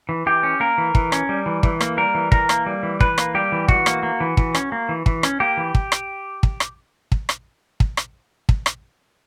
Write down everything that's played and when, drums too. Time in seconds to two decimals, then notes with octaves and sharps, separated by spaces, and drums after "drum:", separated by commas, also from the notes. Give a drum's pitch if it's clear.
0.09 E3
0.26 E3 G4
0.43 C#4
0.60 A#3 A#4
0.78 E3
0.95 E3, drum: kick
1.12 C#4, drum: rim click
1.29 G3
1.46 E3
1.63 E3, drum: kick
1.81 A#3, drum: rim click
1.98 G3 A#4
2.15 E3
2.32 E3 A#4, drum: kick
2.49 A#3, drum: rim click
2.66 G3
2.83 E3
3.00 E3 B4, drum: kick
3.18 A#3, drum: rim click
3.34 G3 G4
3.52 E3
3.68 E3 F#4, drum: kick
3.86 A#3, drum: rim click
4.03 A#3
4.20 E3
4.37 E3, drum: kick
4.55 C#4, drum: rim click
4.72 A#3
4.89 E3
5.06 E3, drum: kick
5.23 C#4, drum: rim click
5.40 A#3 G4
5.57 E3
5.75 drum: kick
5.92 drum: rim click
6.43 drum: kick
6.60 drum: rim click
7.12 drum: kick
7.29 drum: rim click
7.80 drum: kick
7.97 drum: rim click
8.49 drum: kick
8.66 drum: rim click